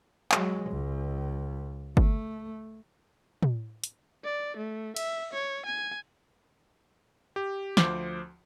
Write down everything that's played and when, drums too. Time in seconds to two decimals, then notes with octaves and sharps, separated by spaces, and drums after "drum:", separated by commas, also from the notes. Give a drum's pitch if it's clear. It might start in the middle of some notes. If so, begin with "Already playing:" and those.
0.32 F#3 G#3, drum: clap
0.70 C#2
1.97 A3, drum: kick G1
3.43 drum: tom
3.84 drum: hi-hat
4.24 D5
4.57 A3
4.96 E5, drum: cymbal
5.33 C#5
5.66 G#5
7.36 G4
7.77 D2 F3 C5 D6, drum: snare